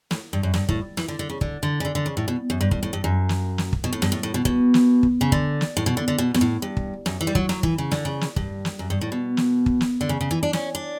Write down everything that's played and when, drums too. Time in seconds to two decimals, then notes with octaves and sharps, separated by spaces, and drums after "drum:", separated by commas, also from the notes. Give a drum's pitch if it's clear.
0.11 A2, drum: snare
0.33 G2
0.43 F#2
0.54 G2, drum: snare
0.69 A2, drum: kick
0.97 E3, drum: snare
1.08 D3
1.19 D3
1.30 C#3
1.41 D3, drum: kick
1.63 D3
1.80 C#3
1.85 D3
1.95 D3
2.06 C#3
2.17 A2
2.28 B2
2.50 F#2
2.61 G2
2.71 A2, drum: kick
2.83 A2
2.93 G2
3.04 F#2
3.29 drum: snare
3.58 drum: snare
3.73 drum: kick
3.84 B2
3.93 A2
4.02 G2, drum: snare
4.12 A2
4.23 A2
4.34 B2
4.45 B2, drum: kick
4.74 drum: snare
5.03 drum: kick
5.21 C#3
5.32 D3, drum: kick
5.61 drum: snare
5.77 A2
5.86 B2
5.97 D3
6.08 D3
6.18 B2
6.34 B2, drum: snare
6.41 A2
6.62 G2
6.77 drum: kick
7.06 F#2, drum: snare
7.21 E3
7.27 G3
7.35 F#3, drum: kick
7.49 F#3, drum: snare
7.63 E3, drum: kick
7.78 C#3
7.92 D3, drum: snare
8.05 C#3
8.21 drum: snare
8.36 G2, drum: kick
8.65 drum: snare
8.79 F#2
8.90 G2
9.01 A2
9.12 B2
9.37 drum: snare
9.66 drum: kick
9.81 drum: snare
10.01 D3
10.09 C#3
10.21 C#3
10.31 E3
10.43 D4
10.53 C#4, drum: snare
10.75 D4